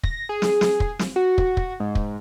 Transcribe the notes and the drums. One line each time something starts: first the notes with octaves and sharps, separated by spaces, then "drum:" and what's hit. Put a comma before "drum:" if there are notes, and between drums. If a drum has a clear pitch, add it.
A#6, drum: kick
G#4
drum: snare
drum: snare
drum: kick
drum: snare
F#4
drum: kick
drum: kick
G#2
drum: kick